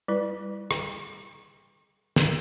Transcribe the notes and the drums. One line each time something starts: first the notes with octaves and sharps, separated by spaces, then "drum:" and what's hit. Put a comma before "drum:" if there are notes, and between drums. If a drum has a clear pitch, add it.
G3 E4 B4
drum: rim click
drum: snare